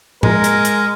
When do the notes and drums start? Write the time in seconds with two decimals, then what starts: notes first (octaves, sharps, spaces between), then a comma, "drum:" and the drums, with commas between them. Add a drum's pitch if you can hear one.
0.23 G#3 A#4, drum: tom A2
0.44 drum: hi-hat
0.65 drum: hi-hat